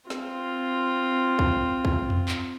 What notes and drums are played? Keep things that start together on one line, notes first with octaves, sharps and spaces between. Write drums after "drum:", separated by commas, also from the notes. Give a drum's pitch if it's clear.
C4 F4, drum: snare
drum: kick
drum: kick
drum: tom E2
drum: clap